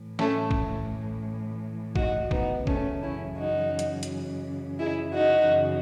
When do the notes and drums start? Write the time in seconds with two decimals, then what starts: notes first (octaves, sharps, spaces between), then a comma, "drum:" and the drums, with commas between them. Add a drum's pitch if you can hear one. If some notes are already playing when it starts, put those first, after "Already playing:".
Already playing: A2 E3
0.19 A3 C#4, drum: snare
0.51 drum: kick
1.96 D#4 F#4, drum: kick
2.31 B3 D#4, drum: kick
2.67 F#2 C#3 E3 A3 C#4, drum: kick
3.03 C#4 E4
3.37 D#4 F#4
3.79 drum: hi-hat
4.03 drum: hi-hat
4.79 E4 G#4
5.14 D#4 F#4
5.50 F#2 C#3 E3